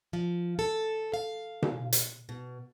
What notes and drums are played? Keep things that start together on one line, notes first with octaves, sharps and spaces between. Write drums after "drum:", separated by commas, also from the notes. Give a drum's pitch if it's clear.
F3
A4
F5
drum: tom B2
drum: hi-hat
B2